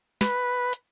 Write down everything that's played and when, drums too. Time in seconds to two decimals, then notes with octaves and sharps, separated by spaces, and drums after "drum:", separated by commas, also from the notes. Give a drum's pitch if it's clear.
0.21 B4, drum: snare
0.73 drum: hi-hat